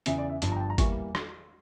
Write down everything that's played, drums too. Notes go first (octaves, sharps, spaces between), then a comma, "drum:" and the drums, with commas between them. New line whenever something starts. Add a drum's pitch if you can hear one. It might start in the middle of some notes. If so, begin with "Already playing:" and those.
E2 C#3 E3 E5, drum: hi-hat
D5
E5
G1 G2 F3 A5, drum: hi-hat
A#5
G5
A5
A#5
E2 E3 G3 A#3 C#6, drum: kick G#1, hi-hat
drum: rim click